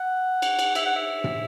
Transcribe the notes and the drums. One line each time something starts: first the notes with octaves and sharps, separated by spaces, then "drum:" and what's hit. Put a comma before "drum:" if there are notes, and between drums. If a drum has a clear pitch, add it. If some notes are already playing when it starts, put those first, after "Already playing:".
Already playing: F#5
drum: cymbal
drum: cymbal
E5, drum: cymbal
F#5
E5
drum: tom